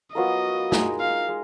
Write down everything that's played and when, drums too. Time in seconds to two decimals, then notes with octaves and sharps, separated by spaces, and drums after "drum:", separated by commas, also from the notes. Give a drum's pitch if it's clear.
0.15 F#3 B3 F4 A#4 D#5
0.72 G#3 D#4 A#4, drum: snare
1.00 F5
1.28 G#3